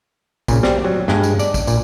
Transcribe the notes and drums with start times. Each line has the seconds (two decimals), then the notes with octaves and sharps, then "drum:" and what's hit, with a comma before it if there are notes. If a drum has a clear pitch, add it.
0.48 A#2 C#3, drum: kick, tambourine
0.63 G3 C4, drum: snare
0.84 F#3
1.08 G2 G#3, drum: snare
1.23 drum: tambourine
1.39 D5, drum: tambourine
1.54 drum: kick, tambourine
1.67 A#2, drum: tambourine